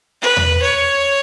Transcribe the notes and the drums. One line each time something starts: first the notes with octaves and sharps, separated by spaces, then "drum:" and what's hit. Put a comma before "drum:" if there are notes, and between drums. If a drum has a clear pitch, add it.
B4
drum: tom E2
C#5